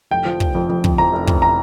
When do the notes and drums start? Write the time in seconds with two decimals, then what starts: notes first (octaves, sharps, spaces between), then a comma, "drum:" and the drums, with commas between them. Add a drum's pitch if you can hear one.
0.11 F1 G5
0.25 F3
0.40 F1, drum: kick
0.55 F2
0.69 F2
0.84 F2, drum: kick
0.98 F2 A#5
1.13 F1
1.27 F2, drum: kick
1.42 A#5